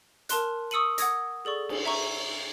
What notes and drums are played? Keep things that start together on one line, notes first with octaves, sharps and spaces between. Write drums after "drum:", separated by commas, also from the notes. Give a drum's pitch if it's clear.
A#4 A5 C6 F#6, drum: hi-hat
C#6 D#6 E6 C#7 D#7 F#7
F#5 D#6 G#6 A#6, drum: hi-hat
G#4 A4 D5 C#6
drum: cymbal
E5 A#5 C#6